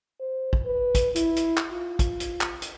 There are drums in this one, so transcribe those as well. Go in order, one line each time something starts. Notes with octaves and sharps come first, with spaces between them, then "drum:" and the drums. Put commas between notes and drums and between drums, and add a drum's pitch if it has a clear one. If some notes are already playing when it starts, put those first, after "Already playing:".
C5
drum: kick
B4
drum: kick, hi-hat
E4, drum: hi-hat
drum: hi-hat
drum: clap
F4
drum: kick, hi-hat
drum: hi-hat
drum: clap
drum: hi-hat